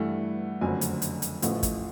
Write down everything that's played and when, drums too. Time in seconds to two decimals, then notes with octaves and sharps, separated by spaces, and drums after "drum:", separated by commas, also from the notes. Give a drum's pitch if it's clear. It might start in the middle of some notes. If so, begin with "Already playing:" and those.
Already playing: G2 E3 A3 F#5
0.61 F#1 F2 D3 F#3 A3 G#5
0.81 drum: hi-hat
1.02 drum: hi-hat
1.22 drum: hi-hat
1.42 A1 A2 F3 A3, drum: hi-hat
1.63 drum: kick, hi-hat